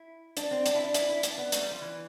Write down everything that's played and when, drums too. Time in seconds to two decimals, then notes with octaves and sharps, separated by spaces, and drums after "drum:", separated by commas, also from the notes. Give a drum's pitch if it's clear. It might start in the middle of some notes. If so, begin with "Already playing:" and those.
Already playing: E4
0.37 D4, drum: hi-hat
0.51 C4
0.66 D4, drum: hi-hat
0.75 E4
0.85 D4
0.94 E4, drum: hi-hat
1.09 E4
1.23 D4, drum: hi-hat
1.38 B3
1.52 A3, drum: hi-hat
1.62 G3
1.71 F3
1.81 E3